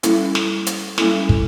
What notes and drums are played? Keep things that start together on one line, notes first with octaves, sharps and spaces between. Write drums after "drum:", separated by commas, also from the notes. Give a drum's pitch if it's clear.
G3 A#3 C#4 E4 A4, drum: hi-hat
drum: snare
drum: hi-hat
G3 A#3 C#4 E4 A4, drum: snare
drum: kick